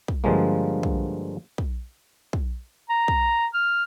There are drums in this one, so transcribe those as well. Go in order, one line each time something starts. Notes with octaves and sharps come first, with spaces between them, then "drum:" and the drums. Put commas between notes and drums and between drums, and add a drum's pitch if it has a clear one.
drum: kick
G2 D3 F3 G#3 A#3
drum: kick
drum: kick
drum: kick
A#5
drum: kick
F6